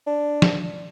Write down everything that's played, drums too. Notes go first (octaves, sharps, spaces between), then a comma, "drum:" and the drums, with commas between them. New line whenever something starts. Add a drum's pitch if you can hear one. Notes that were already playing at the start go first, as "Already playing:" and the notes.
D4
drum: snare